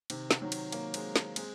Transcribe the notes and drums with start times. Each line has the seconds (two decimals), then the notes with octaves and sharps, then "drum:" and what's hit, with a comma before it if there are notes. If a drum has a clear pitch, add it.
0.10 C3 D#3, drum: cymbal
0.31 drum: snare
0.42 D#3 F#3
0.52 drum: cymbal
0.72 F#3 A#3, drum: cymbal
0.94 G#3 C4, drum: cymbal
1.16 drum: snare
1.36 G#3 C4, drum: cymbal